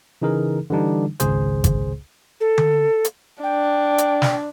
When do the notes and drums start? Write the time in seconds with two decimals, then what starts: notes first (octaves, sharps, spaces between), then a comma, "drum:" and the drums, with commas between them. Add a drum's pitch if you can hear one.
0.22 C#3 E3 D#4 G#4 A#4
0.70 D3 E3 G3 D4 D#4
1.20 G#1 C#2 C#3 G#4 C5, drum: hi-hat
1.64 drum: kick G#1, hi-hat
2.41 A4
2.58 drum: tom D3
3.04 drum: hi-hat
3.43 D4 G5
3.98 drum: hi-hat
4.22 drum: snare